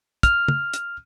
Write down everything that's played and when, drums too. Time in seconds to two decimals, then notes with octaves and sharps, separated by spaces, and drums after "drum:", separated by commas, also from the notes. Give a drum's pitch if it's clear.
0.23 F6, drum: kick, hi-hat
0.48 drum: tom
0.74 drum: hi-hat